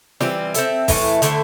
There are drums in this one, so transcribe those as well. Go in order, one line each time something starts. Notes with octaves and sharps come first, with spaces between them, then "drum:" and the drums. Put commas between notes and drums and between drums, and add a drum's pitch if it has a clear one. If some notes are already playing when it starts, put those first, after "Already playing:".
E3 G3 C4, drum: snare
C4 A4 E5, drum: hi-hat
A2 E3 A3, drum: kick, open hi-hat
D3 A3 E4 C5, drum: hi-hat